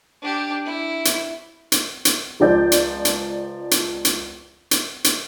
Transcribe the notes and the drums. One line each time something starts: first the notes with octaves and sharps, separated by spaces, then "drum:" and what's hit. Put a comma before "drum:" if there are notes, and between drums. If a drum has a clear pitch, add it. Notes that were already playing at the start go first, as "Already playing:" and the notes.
D4 G4
E4
drum: hi-hat
drum: hi-hat
drum: hi-hat
C#2 F3 D5 G6
drum: hi-hat
drum: hi-hat
drum: hi-hat
drum: hi-hat
drum: hi-hat
drum: hi-hat